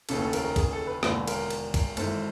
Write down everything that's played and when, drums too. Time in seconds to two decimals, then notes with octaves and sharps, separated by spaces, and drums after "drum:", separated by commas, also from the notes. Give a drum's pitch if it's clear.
0.09 F1 D#2 C#3 E3 A4, drum: cymbal
0.21 A4
0.33 A#4, drum: cymbal
0.45 A#4
0.56 G#4, drum: kick C2, cymbal
0.72 A4
0.87 B4
1.03 E1 D#2 D3 B4, drum: rim click
1.28 A#4, drum: cymbal
1.50 drum: cymbal
1.74 drum: kick C2, cymbal
1.97 G#1 G#2 E3 A4, drum: cymbal